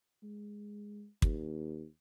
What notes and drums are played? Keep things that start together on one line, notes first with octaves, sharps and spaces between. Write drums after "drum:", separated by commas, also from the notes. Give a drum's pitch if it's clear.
G#3
D#2, drum: kick